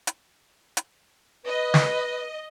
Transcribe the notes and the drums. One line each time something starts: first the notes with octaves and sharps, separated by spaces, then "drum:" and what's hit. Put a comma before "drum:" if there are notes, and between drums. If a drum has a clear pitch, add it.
drum: hi-hat
drum: hi-hat
B4 D#5
drum: snare